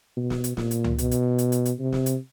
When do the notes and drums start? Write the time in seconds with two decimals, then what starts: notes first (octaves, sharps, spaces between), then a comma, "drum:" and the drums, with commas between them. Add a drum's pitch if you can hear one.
0.17 B2
0.30 drum: snare
0.44 drum: hi-hat
0.57 A#2, drum: snare
0.71 drum: hi-hat
0.84 drum: tom C#2
0.98 B2, drum: hi-hat
1.11 drum: hi-hat
1.38 drum: hi-hat
1.52 drum: hi-hat
1.65 drum: hi-hat
1.79 C3
1.93 drum: snare
2.06 drum: hi-hat